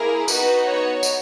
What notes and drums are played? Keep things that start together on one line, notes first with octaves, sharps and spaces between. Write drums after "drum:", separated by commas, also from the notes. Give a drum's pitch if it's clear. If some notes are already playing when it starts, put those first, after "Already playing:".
Already playing: A#3 E4 G#4 A#4
B3 D#4 F#4 B4, drum: tambourine
C#5
drum: tambourine